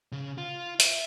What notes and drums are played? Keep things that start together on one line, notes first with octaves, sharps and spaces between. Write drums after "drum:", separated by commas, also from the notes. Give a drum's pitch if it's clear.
C#3
F4
E5, drum: hi-hat